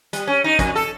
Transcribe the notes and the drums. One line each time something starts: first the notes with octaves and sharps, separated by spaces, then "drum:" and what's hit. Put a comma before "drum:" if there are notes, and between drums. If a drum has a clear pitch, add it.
G3, drum: hi-hat
C#4
D#4
F2, drum: kick A1, hi-hat
A4